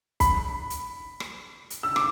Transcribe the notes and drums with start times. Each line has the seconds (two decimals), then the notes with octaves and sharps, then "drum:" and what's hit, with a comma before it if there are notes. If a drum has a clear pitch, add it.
0.20 B5, drum: kick, hi-hat
0.70 drum: hi-hat
1.20 drum: rim click
1.70 drum: hi-hat
1.83 E6
1.96 D6, drum: rim click